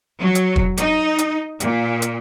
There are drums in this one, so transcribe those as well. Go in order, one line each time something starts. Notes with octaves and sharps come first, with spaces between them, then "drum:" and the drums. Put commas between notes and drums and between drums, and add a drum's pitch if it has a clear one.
F#3
drum: hi-hat
drum: kick
D#4, drum: hi-hat
drum: hi-hat
A#2, drum: hi-hat
drum: hi-hat